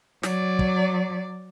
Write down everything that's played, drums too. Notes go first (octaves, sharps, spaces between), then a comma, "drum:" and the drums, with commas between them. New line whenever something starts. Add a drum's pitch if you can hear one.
F#3 D5, drum: snare
drum: kick